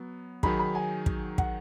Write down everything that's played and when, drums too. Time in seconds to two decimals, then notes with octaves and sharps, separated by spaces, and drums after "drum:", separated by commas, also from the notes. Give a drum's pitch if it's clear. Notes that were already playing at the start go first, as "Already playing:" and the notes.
Already playing: F#3 B3
0.43 D#3 F#3 D#4 G#4 B5, drum: kick
0.59 B5
0.75 G#5
1.06 drum: kick
1.38 F#5, drum: kick